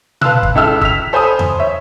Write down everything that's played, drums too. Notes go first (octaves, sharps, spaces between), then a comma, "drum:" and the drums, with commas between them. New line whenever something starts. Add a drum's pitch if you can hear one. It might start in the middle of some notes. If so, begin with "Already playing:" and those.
B4 F5 A5 C6 E6 F#6, drum: tom A#2
drum: kick
C#2 E4 A4 E5 E6 F6
E6 B6 F7, drum: kick
A4 C5 G#5 B5 D#6
drum: tom E2
C#5 E5